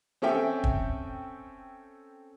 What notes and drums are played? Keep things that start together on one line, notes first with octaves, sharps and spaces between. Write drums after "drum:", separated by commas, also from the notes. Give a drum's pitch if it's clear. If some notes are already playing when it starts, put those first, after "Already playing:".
C4 C#4 A4 E5 G5
drum: kick